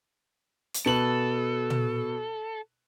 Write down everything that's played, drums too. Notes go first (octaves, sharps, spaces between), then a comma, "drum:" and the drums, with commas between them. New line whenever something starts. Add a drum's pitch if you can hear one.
drum: hi-hat
B2 A4 B4 F#7
drum: tom